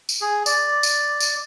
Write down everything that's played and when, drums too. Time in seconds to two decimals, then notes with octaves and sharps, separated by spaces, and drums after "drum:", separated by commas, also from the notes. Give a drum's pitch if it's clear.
0.09 drum: tambourine
0.21 G#4
0.46 D5, drum: tambourine
0.83 drum: tambourine
1.20 drum: tambourine